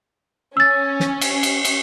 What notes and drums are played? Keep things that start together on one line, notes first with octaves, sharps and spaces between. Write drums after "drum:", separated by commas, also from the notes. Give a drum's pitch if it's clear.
C#4 E6 A6
drum: snare
drum: cymbal
drum: cymbal
drum: cymbal